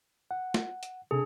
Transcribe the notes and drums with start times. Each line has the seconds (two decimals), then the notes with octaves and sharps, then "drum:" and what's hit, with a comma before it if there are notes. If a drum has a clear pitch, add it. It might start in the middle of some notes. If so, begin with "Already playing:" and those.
0.31 F#5
0.54 drum: snare
0.83 drum: hi-hat
1.11 C3 D4 G#4 A4